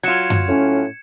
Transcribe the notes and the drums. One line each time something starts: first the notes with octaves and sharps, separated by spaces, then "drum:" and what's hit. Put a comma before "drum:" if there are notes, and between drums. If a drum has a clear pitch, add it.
F#3 F4 G#6 C#7 E7
drum: tom F#2
A2 C#4